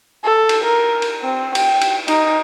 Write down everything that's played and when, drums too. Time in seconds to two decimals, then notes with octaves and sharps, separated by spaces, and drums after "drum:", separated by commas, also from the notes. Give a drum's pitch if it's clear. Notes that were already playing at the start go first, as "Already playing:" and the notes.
0.24 A4
0.49 drum: cymbal
0.63 A#4
1.02 drum: cymbal
1.22 C4
1.55 G5, drum: cymbal
1.81 drum: cymbal
2.08 D#4, drum: cymbal